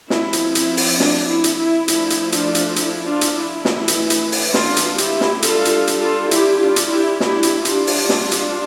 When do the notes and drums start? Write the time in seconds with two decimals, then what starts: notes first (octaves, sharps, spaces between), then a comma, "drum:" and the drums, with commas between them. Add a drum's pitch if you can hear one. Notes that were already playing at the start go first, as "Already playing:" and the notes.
0.10 F3 C4 E4, drum: snare
0.33 drum: hi-hat
0.55 E4, drum: hi-hat
0.77 drum: open hi-hat
1.00 D4, drum: snare
1.29 E4
1.44 drum: hi-hat
1.58 E4
1.88 F3 A3 D4 E4, drum: hi-hat
2.10 drum: hi-hat
2.32 D4 F4, drum: hi-hat
2.55 drum: hi-hat
2.76 E4, drum: hi-hat
3.06 D4 F4
3.21 drum: hi-hat
3.36 E4
3.65 E3 A3 D4, drum: snare
3.88 drum: hi-hat
4.10 drum: hi-hat
4.32 drum: open hi-hat
4.54 D4 F4, drum: snare
4.76 drum: hi-hat
4.98 E4 G4, drum: hi-hat
5.21 drum: snare
5.42 G3 D4 F4 A4, drum: hi-hat
5.65 drum: hi-hat
5.87 drum: hi-hat
6.02 F4 A4
6.31 E4 G4, drum: hi-hat
6.61 D4 F4
6.76 drum: hi-hat
6.90 E4 G4
7.20 G3 D4 E4 G4, drum: snare
7.43 drum: hi-hat
7.65 D4 F4, drum: hi-hat
7.87 drum: open hi-hat
8.09 drum: snare
8.31 drum: hi-hat